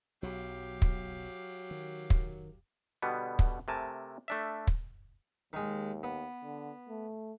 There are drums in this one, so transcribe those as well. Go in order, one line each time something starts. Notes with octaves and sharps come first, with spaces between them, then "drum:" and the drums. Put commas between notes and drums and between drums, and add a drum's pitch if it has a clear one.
B1 F#3 G4 F5
drum: kick
D#3
drum: kick
B2 D3 G3 B3
drum: kick
C3 A3 A#4 G#5 A5
A3 D4 E5
drum: kick
D#2 D#3 G#3
B3
D3
A3